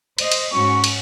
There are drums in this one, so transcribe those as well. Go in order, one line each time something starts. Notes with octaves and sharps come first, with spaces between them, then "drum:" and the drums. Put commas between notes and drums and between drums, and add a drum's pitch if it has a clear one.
C5 D#5, drum: cymbal
drum: cymbal
G#2 C#4 F#4 C#6
drum: cymbal